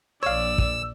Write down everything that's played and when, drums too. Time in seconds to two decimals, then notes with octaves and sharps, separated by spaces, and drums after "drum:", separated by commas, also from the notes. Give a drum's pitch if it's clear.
0.23 A#1 C#5 D5 F5 E6
0.58 drum: kick